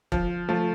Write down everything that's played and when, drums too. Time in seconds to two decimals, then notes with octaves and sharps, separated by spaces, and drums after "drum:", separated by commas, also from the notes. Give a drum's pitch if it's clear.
0.12 F3, drum: kick E1
0.48 F3 A3